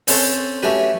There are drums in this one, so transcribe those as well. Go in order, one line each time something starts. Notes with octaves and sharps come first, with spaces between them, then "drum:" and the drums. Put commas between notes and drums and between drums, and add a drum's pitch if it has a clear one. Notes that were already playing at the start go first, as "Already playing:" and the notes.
C4 C#4 A4 C5, drum: open hi-hat
A3 C#4 F#4 G4 B4